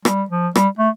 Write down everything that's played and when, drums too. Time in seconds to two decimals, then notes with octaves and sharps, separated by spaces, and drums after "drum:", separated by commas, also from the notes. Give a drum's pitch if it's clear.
0.05 G3, drum: rim click
0.30 F3
0.55 G3, drum: rim click
0.79 A3